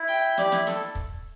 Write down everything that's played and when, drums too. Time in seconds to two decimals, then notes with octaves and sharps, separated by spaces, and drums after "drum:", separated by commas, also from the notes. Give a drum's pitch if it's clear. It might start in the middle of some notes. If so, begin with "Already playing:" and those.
Already playing: E4
0.08 G5
0.38 G4 D5, drum: snare
0.52 E4, drum: snare
0.67 A4, drum: snare
0.95 drum: kick